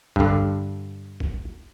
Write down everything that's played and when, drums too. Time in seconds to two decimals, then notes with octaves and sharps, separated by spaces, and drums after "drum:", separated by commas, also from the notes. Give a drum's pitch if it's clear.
0.16 G2 D3, drum: kick
1.20 drum: kick